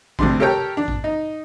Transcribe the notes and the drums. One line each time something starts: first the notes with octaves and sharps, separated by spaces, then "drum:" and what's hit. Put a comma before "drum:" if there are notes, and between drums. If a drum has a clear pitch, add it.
D2 C3 G3 D4 C6, drum: kick A1
G4 A4 A#4 C#5 G5
D4
drum: kick A1
D#4